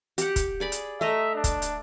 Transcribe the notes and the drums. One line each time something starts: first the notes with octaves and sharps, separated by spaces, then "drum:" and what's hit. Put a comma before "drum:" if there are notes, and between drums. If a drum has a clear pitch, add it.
G4 F#5, drum: hi-hat
drum: kick, hi-hat
G#4 D5 B5
drum: hi-hat
A3 D#5 E5 A#5
D4
drum: kick, hi-hat
drum: hi-hat